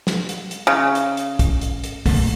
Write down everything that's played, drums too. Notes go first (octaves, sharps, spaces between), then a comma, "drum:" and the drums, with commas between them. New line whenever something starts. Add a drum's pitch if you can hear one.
drum: snare
drum: hi-hat
drum: hi-hat
C#3
drum: hi-hat
drum: hi-hat
drum: kick, hi-hat
drum: hi-hat
drum: hi-hat
F#2 A#2 A3, drum: kick, open hi-hat